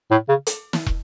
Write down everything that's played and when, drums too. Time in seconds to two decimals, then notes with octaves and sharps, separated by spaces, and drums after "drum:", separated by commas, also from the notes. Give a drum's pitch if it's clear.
0.11 A2
0.29 C#3
0.47 drum: hi-hat
0.73 drum: snare
0.86 drum: kick